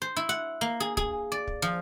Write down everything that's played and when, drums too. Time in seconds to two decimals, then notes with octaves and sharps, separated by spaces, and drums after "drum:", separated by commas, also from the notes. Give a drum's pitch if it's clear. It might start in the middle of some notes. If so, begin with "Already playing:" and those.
0.02 C5
0.16 E4
0.29 F#5
0.61 A#3
0.80 G#4
0.97 G#4, drum: kick
1.32 D5
1.47 drum: kick
1.62 F3